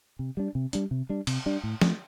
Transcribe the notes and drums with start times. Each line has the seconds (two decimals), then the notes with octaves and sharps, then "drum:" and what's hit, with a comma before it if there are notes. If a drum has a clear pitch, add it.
0.19 C3
0.37 G3 D4
0.55 C3
0.73 G3 D4, drum: hi-hat
0.91 C3
1.09 G3 D4
1.27 C3, drum: cymbal
1.46 G3 D4
1.64 A2
1.81 F3 A3 C4, drum: snare